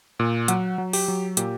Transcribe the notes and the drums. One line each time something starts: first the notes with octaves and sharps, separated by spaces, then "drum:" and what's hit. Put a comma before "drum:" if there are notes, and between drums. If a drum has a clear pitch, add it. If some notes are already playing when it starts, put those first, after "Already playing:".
A#2
F#3 F#5, drum: hi-hat
F#3
G4, drum: open hi-hat
F#3
A#2 G4, drum: hi-hat